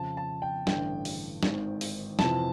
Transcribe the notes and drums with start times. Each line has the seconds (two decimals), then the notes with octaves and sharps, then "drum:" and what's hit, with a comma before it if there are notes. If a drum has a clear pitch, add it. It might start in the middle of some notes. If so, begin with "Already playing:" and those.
Already playing: F2 C#3 F3 A5
0.17 A5
0.42 G5
0.67 A1 G2 D3 G5, drum: snare
1.05 drum: open hi-hat
1.43 G#1 G#2 D#3, drum: snare
1.81 drum: open hi-hat
2.19 F2 C3 E3 A5, drum: snare